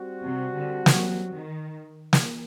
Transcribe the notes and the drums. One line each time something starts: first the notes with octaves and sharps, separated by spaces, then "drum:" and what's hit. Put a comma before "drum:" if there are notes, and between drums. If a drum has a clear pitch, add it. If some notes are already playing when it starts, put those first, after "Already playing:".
Already playing: G3 C4 F#4
C3
D3
F#3, drum: snare
D#3
drum: snare